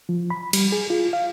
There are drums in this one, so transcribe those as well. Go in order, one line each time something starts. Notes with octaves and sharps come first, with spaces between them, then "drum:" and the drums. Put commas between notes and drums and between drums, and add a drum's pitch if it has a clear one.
F3
B5
G3, drum: cymbal
G#4
F4
F5